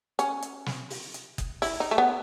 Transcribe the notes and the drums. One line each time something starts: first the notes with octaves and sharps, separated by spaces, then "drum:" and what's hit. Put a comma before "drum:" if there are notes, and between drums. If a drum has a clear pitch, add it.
C#4, drum: hi-hat
drum: hi-hat
drum: snare
drum: open hi-hat
drum: hi-hat
drum: kick F#1, hi-hat
E4, drum: open hi-hat
D#4
A3
B3